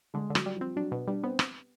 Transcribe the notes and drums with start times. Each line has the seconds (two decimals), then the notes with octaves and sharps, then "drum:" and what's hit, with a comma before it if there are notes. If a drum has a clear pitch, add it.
0.14 D3 G#3
0.30 D3
0.35 F#3, drum: rim click
0.46 G3
0.56 F3
0.61 C4
0.76 F#3 D4
0.92 B2 B3
1.08 G3 D4
1.23 B3 C4
1.39 drum: rim click